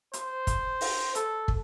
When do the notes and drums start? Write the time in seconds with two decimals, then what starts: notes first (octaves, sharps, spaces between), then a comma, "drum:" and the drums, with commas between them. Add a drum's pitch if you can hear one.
0.13 C5, drum: hi-hat
0.47 drum: kick, hi-hat
0.81 drum: open hi-hat
1.15 A4, drum: hi-hat
1.48 drum: kick